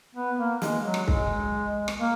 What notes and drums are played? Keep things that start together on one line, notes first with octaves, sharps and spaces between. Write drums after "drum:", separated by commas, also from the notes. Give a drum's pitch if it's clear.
B3
A#3
G#3, drum: snare
F#3
drum: rim click
G#3, drum: kick C2
drum: rim click
A#3